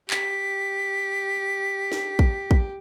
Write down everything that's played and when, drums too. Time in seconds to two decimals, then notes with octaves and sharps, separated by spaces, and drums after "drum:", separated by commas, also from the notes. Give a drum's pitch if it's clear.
0.10 G4 B6, drum: clap
1.92 drum: snare
2.19 drum: kick
2.51 drum: kick